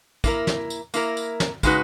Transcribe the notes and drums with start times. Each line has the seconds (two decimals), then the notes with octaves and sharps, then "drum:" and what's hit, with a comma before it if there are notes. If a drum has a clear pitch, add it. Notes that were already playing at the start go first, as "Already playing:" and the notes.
0.24 A#3 E4 A#4, drum: kick, tambourine
0.47 drum: snare
0.70 drum: tambourine
0.94 A#3 E4 A#4, drum: tambourine
1.17 drum: tambourine
1.40 drum: snare
1.63 C#3 G#3 D#4 F#4 B4, drum: kick, tambourine